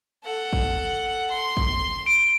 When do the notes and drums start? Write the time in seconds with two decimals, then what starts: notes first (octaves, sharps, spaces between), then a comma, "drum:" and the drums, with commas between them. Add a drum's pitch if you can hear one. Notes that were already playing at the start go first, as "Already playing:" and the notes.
0.24 A4 F#5
0.53 drum: kick
1.31 C6
1.57 drum: kick
2.06 D7